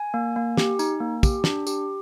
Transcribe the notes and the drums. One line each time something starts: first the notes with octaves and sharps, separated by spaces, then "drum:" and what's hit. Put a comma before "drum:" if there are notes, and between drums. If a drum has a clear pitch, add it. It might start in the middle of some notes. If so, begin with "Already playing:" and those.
Already playing: G#5
A#3
A#3
G4, drum: snare
D#4, drum: tambourine
A#3
G4, drum: kick, tambourine
D4, drum: snare
G4, drum: tambourine